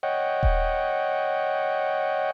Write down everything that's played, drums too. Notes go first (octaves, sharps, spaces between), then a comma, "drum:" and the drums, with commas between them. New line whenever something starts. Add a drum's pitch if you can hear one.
C#5 D#5 F#5 G5
drum: kick D#1